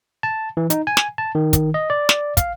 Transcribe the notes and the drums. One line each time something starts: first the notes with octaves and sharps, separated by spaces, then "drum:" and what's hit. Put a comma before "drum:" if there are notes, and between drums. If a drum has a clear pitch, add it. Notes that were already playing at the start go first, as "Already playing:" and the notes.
A5
E3
D#4, drum: hi-hat
G#5
drum: snare
A5
D#3
drum: kick, hi-hat
D#5
D5
drum: snare
F5, drum: kick, hi-hat